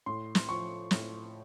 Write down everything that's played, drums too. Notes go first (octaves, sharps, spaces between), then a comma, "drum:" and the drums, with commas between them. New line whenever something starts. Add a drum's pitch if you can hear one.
A2 C6
drum: snare
F3 C#6
A2, drum: snare